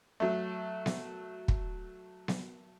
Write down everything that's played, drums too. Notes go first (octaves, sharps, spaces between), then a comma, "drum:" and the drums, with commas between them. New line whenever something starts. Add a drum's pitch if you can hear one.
F#3 A3
drum: snare B3
drum: kick
drum: snare B3